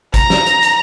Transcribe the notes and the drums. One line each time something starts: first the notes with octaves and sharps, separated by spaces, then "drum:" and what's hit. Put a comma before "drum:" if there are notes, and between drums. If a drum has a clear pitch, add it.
A#5, drum: kick, hi-hat
drum: snare
drum: hi-hat
drum: hi-hat